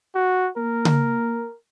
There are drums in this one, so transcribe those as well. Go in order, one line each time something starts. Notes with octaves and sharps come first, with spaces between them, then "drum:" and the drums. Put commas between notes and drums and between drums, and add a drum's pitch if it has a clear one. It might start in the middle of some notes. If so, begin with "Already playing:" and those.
F#4
A#3 A#4
drum: tom C#3